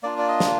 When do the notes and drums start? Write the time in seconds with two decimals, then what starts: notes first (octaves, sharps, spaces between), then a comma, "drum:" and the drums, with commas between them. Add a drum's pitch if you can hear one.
0.03 A#3 D4 F4 D5
0.18 D5
0.28 D#5
0.40 drum: snare